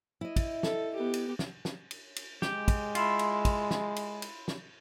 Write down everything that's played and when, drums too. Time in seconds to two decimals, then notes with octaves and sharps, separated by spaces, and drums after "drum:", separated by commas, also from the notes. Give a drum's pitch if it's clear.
0.21 E4 D#5
0.36 drum: kick, cymbal
0.63 A4, drum: snare
0.95 B3 G4
1.14 drum: cymbal
1.39 drum: snare
1.65 drum: snare
1.91 drum: cymbal
2.16 drum: cymbal
2.42 G#3 G4, drum: snare
2.68 drum: kick, cymbal
2.95 E4 F4, drum: cymbal
3.19 drum: cymbal
3.45 drum: kick, cymbal
3.71 drum: snare
3.96 drum: cymbal
4.22 drum: cymbal
4.48 drum: snare